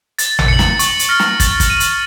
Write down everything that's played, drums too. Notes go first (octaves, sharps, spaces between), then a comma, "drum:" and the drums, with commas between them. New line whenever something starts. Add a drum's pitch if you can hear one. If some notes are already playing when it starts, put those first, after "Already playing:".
A6, drum: hi-hat
drum: tom A1
C#7 F#7
drum: snare
C#6, drum: hi-hat
drum: hi-hat
F6 A#6 C#7
drum: snare
A6, drum: kick, hi-hat
drum: kick, hi-hat
D#7 F#7
drum: hi-hat